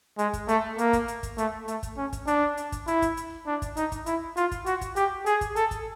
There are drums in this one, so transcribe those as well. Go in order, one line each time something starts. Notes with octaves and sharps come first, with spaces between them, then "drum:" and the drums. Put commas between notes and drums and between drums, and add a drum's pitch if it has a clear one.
G#3, drum: hi-hat
drum: kick, hi-hat
A3, drum: hi-hat
A#3, drum: hi-hat
drum: kick, hi-hat
drum: hi-hat
drum: kick, hi-hat
A3, drum: hi-hat
A3, drum: hi-hat
drum: kick, hi-hat
C#4
drum: kick, hi-hat
D4, drum: hi-hat
drum: hi-hat
drum: kick, hi-hat
E4, drum: hi-hat
drum: kick, hi-hat
drum: hi-hat
D4
drum: kick, hi-hat
D#4, drum: hi-hat
drum: kick, hi-hat
E4, drum: hi-hat
F4, drum: hi-hat
drum: kick, hi-hat
F#4, drum: hi-hat
drum: kick, hi-hat
G4, drum: hi-hat
G#4, drum: hi-hat
drum: kick, hi-hat
A4, drum: hi-hat
drum: kick, hi-hat